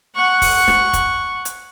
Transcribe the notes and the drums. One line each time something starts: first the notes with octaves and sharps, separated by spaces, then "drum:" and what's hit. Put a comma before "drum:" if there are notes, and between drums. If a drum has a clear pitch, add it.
F#5 C#6
drum: kick, open hi-hat
drum: snare
drum: kick, hi-hat
drum: hi-hat